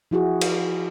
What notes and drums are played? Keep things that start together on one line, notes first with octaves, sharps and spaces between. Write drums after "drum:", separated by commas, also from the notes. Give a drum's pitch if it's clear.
F3 E4 F#4 G#4
drum: cymbal